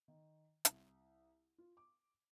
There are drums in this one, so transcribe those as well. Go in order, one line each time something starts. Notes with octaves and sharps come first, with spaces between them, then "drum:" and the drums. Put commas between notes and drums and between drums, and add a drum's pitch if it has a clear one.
D#3
C2, drum: hi-hat
F4
D6